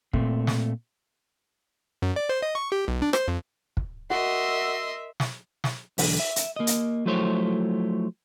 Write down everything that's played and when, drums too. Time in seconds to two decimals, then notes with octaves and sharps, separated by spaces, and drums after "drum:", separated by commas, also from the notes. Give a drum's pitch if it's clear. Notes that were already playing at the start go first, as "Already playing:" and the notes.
0.13 A#2 A3 C4, drum: kick
0.47 drum: snare
2.02 F#2
2.16 D5
2.29 C5
2.42 D#5
2.55 C#6
2.72 G4
2.88 B1
3.02 D4
3.13 C5, drum: rim click
3.28 F2
3.77 drum: kick
4.10 F#4 A#4 D#5 E5 C6
5.20 drum: snare
5.64 drum: snare
5.98 B1 E2 D3, drum: open hi-hat
6.20 E5
6.36 drum: hi-hat
6.56 A#3 D#5
6.67 drum: hi-hat
7.06 F3 F#3 A3 E4 C5 C#5